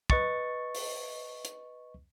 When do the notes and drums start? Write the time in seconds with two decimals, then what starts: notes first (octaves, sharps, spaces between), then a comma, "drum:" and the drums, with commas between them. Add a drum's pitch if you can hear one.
0.10 B4 D#5 C#6 A6, drum: kick
0.75 drum: open hi-hat
1.45 drum: hi-hat